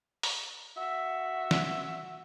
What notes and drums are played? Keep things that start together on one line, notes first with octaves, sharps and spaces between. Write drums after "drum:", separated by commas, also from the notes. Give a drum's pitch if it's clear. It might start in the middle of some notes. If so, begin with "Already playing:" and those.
drum: open hi-hat
F#4 E5
drum: snare